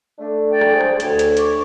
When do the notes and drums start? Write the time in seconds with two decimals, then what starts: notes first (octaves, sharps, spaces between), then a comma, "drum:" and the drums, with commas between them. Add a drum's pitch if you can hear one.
0.19 A3 D4
0.50 D5 G5
0.61 drum: rim click
0.70 G#4 C5
0.81 drum: rim click
1.00 D2 C#5, drum: hi-hat
1.19 drum: hi-hat
1.37 C#6 D6, drum: hi-hat